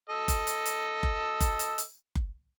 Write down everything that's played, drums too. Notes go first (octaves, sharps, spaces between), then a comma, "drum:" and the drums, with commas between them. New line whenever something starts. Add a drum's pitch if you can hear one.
A4 D#5 E6
drum: kick F#1, hi-hat
drum: hi-hat
drum: hi-hat
drum: kick F#1
drum: kick F#1, hi-hat
drum: hi-hat
drum: hi-hat
drum: kick F#1